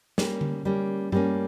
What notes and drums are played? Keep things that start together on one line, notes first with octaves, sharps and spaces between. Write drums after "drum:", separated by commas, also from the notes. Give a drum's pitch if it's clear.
G3 A#3 C#4, drum: snare
drum: tom D3
G3 A#3 C#4
G3 A#3 C#4, drum: tom G2